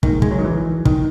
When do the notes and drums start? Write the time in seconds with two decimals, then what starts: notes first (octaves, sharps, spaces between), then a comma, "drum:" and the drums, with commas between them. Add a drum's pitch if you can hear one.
0.03 A#1 G#2 D#3, drum: kick
0.22 G#3, drum: kick
0.31 F#3
0.39 D#3
0.45 E3
0.85 D#3, drum: kick